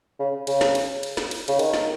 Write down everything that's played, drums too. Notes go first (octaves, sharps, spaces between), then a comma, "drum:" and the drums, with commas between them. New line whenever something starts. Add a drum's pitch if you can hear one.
C#3
C#3, drum: cymbal
drum: snare
drum: cymbal
drum: cymbal
drum: snare
drum: cymbal
C#3, drum: cymbal
D#3, drum: cymbal
drum: snare